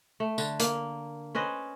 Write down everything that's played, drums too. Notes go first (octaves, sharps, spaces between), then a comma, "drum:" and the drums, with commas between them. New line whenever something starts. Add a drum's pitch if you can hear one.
A3
D3, drum: tambourine
A#3, drum: hi-hat
C#4 B4 C5 D#5